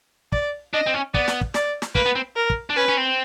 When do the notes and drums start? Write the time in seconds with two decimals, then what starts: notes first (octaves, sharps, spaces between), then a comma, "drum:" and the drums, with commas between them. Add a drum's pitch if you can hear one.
0.32 D5, drum: kick
0.73 D4 D#5
0.87 C4
0.94 C#4
1.14 B3 D5, drum: kick
1.28 drum: snare
1.41 drum: kick
1.54 D5, drum: snare
1.82 drum: snare
1.95 A#3 B4, drum: kick
2.06 B3
2.15 C4
2.36 A#4
2.50 drum: kick
2.70 D4
2.76 C#4 B4
2.88 C#4
2.97 C4